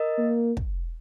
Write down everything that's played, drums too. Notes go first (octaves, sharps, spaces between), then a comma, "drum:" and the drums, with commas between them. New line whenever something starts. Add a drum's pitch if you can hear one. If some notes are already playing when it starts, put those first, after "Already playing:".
Already playing: A#4 D#5
A#3
drum: kick